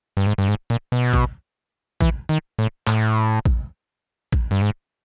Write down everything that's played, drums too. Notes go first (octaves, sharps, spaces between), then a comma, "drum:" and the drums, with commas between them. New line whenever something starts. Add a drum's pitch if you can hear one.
G2
G#2
G2
G#2
A#2
B2
drum: kick
E3, drum: kick
D#3
A2
A2, drum: clap
drum: kick
drum: kick
G2
G#2